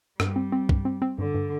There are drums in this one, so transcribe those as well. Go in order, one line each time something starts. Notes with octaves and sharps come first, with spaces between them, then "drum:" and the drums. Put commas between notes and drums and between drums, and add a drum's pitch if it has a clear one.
G2 G3, drum: rim click
C4
C4
G2, drum: kick
C4
C4
G2 D3
G2